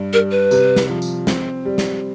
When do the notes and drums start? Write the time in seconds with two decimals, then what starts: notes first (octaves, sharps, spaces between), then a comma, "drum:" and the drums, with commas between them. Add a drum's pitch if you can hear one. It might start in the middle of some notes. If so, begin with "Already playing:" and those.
Already playing: G2
0.13 G3 A#4
0.31 B4
0.51 C3, drum: tambourine
0.76 drum: snare
0.90 F3
1.02 drum: tambourine
1.27 C4, drum: snare
1.65 G3
1.78 drum: snare